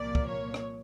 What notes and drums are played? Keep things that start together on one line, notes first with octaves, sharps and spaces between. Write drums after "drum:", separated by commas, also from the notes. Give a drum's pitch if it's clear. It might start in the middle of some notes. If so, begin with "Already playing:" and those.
Already playing: C2 A#2 F3 A#3 D5
drum: kick
C#5
drum: rim click